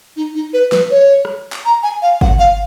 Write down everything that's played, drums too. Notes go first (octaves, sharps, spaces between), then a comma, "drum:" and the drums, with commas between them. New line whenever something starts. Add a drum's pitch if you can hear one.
D#4
D#4
B4
B4, drum: snare
C#5
drum: rim click
drum: clap
A#5
G#5
F5
F#5, drum: kick G1
F5